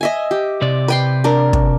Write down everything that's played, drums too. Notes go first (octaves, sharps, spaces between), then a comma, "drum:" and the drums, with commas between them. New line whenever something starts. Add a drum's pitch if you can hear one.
D#5 E5 G#5
G4
C3 D5
B4 G5 C6
D4 A#4
drum: kick